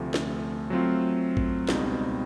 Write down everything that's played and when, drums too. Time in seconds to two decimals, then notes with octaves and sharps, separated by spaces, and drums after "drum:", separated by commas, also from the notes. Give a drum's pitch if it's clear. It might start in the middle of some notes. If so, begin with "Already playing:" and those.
Already playing: D2 C3 F3 A3
0.14 drum: snare
0.70 F#3 A3 C4 F4
1.37 drum: kick
1.69 C#2 B2 G3 C4 D#4, drum: snare